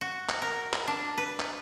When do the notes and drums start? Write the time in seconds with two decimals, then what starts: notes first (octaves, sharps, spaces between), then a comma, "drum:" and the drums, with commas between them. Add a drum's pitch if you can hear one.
0.01 F#4
0.29 drum: clap
0.42 A#4
0.73 drum: clap
0.88 D4
1.18 B4
1.40 drum: clap